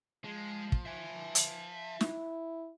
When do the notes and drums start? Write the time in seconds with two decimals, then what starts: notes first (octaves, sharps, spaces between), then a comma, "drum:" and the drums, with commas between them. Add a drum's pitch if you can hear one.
0.24 F3 G#3
0.72 drum: kick
0.86 E5 G#5
1.35 drum: hi-hat
2.01 E4, drum: snare